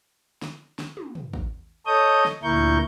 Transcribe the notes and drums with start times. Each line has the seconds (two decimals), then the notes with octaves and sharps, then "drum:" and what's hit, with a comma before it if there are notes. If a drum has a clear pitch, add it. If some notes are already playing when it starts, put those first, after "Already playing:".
0.42 drum: snare
0.79 drum: snare
0.97 drum: tom
1.15 drum: tom
1.34 drum: kick
1.86 A4 C#5 D#5 D#6 G6
2.25 drum: snare
2.43 D2 A#2 E4 A#4 C#6 G6